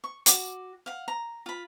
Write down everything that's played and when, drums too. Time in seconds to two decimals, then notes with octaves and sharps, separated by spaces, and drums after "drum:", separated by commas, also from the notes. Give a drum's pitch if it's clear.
0.04 C#6
0.26 F#4 D6, drum: hi-hat
0.86 F5 F#5
1.08 A#5
1.46 F4 B5